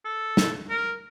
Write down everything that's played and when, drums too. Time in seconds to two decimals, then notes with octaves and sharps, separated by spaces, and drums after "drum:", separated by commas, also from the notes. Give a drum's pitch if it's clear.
0.05 A4
0.37 drum: snare
0.69 A#4